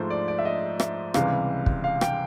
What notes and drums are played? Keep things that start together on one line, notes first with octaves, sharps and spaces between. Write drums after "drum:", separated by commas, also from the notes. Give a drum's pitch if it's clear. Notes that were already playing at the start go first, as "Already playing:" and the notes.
Already playing: G#2 F3 A3 C5
D5
D5
E5
D#5
E5, drum: rim click
C#2 C3 E3 G3 F5, drum: rim click
drum: kick
F5
G5, drum: rim click